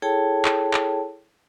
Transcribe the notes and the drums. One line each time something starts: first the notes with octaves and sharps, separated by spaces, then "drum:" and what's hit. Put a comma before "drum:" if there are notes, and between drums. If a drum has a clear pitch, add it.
E4 G#4 A4 C#5 G5 A5
drum: clap
drum: clap